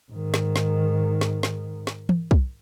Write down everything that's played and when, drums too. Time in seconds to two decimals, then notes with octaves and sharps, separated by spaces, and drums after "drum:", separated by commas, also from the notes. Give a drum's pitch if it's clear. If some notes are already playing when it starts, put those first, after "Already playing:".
0.12 G#2 D#3
0.34 drum: snare
0.56 drum: snare
1.21 drum: snare
1.43 drum: snare
1.87 drum: snare
2.09 drum: tom E3
2.31 drum: kick